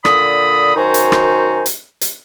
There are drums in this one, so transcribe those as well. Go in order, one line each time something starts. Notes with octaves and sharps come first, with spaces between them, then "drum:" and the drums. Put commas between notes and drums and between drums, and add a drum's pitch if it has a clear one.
A#2 D3 B5 D#6, drum: rim click
F#2 D#3 D#4 F#4 C5 G#5
drum: hi-hat
drum: rim click
drum: hi-hat
drum: hi-hat